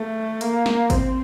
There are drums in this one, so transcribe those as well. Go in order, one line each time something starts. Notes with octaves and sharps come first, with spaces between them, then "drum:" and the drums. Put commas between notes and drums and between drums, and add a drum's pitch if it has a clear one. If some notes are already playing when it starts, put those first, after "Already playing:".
Already playing: A3
A#3, drum: hi-hat
drum: snare
C4, drum: kick G#1, hi-hat